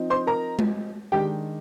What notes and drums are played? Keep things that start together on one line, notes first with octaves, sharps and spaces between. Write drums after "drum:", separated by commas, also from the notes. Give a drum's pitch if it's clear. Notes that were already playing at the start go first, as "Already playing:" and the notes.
Already playing: F3 C4 D#4
C5 C6
A#4 A#5
drum: tom G#3
D#3 G#3 D4 G4 G5